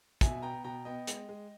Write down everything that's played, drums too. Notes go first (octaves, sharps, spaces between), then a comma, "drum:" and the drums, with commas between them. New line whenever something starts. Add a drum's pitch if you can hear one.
B2 E5 G#5, drum: kick, hi-hat
B3 G5 A#5
B2 G5 A#5
B3 D#5 G5
G#3, drum: hi-hat
G#3